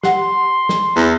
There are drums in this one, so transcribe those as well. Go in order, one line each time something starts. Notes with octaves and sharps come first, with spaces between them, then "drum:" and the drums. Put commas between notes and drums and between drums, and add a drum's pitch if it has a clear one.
G4 F#5 C6, drum: snare
drum: snare
E2 B3